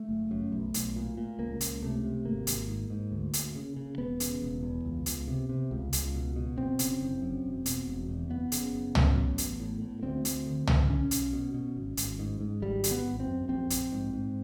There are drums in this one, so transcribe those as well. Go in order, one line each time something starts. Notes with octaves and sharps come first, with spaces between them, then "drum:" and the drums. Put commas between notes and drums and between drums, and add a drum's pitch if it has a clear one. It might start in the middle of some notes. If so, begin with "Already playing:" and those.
Already playing: A3
F#1
F#2
B1
B1, drum: hi-hat
A#2
A#2
C#2 A#3
C#2, drum: hi-hat
C3 A3
C3
G#1 A#3
G#1, drum: hi-hat
G#2
G#2
D2
D2, drum: hi-hat
C#3
C#3
E1 B3
C#3, drum: hi-hat
E1
E2
C#2
C#2, drum: hi-hat
C3
C3
C#2
C#2, drum: hi-hat
B2
B2
F#1 C4
C#3, drum: hi-hat
F#1
F#2
E1
B2, drum: hi-hat
E1
E2
F#1 B3
C#3, drum: hi-hat
F#1
F#2, drum: tom
A1
A1, drum: hi-hat
A2
A2
D2 C4
D2, drum: hi-hat
D3
D3, drum: tom
B1 C#4
B1, drum: hi-hat
B2
B2
G#1
G#1, drum: hi-hat
G#2
G#2
G#1 G3
D3, drum: hi-hat
B3
G#1
C4
F#2
A#1 C4
A#1, drum: hi-hat
G#2
G#2